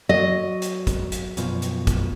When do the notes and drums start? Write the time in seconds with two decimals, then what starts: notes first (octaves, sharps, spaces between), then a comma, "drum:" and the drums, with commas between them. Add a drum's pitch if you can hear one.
0.09 F#3 D#5
0.62 drum: hi-hat
0.87 drum: kick, hi-hat
1.12 drum: hi-hat
1.37 F#2 B2 F3, drum: hi-hat
1.62 drum: hi-hat
1.87 drum: kick, hi-hat